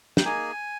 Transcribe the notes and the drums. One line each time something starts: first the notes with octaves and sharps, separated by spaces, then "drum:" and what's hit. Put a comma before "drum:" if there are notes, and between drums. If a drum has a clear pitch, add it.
G5, drum: snare
A#3 D#4 G#4 G#5